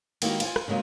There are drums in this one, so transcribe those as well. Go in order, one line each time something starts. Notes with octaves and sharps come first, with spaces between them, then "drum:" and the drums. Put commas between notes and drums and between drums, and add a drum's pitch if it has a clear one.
D#3 G#3 A#3 E4 F#4 G4, drum: cymbal
F4 C5 G#5, drum: cymbal
drum: rim click
C#3 F#3 G#3 A#3 F4